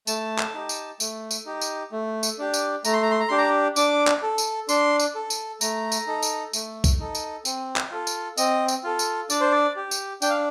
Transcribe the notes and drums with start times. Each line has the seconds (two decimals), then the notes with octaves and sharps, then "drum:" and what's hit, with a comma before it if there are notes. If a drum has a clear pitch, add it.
0.07 A3 A5, drum: tambourine
0.38 drum: clap
0.54 D#4 G4
0.69 drum: tambourine
1.00 A3, drum: tambourine
1.31 drum: tambourine
1.46 D#4 G4
1.61 drum: tambourine
1.92 A3
2.23 drum: tambourine
2.38 D4 G4
2.54 drum: tambourine
2.85 A3 A#5, drum: tambourine
2.93 C6
3.02 A#5
3.11 C6
3.20 A#5
3.28 D4 G4 C6
3.38 A#5
3.76 D4 D6, drum: tambourine
4.07 drum: clap
4.23 A4
4.38 drum: tambourine
4.69 D4 C6, drum: tambourine
5.00 drum: tambourine
5.15 A4
5.30 drum: tambourine
5.61 A3 A#5, drum: tambourine
5.92 drum: tambourine
6.07 D#4 A4
6.22 drum: tambourine
6.53 A3, drum: tambourine
6.84 drum: kick B1, tambourine
6.99 D#4 A4
7.15 drum: tambourine
7.45 C4, drum: tambourine
7.76 drum: clap
7.91 F4 A4
8.07 drum: tambourine
8.38 C4 D#5, drum: tambourine
8.68 drum: tambourine
8.84 F4 A4
8.99 drum: tambourine
9.30 D4 D5, drum: tambourine
9.41 C5
9.52 D5
9.76 G4
9.91 drum: tambourine
10.22 D4 G5, drum: tambourine
10.30 F5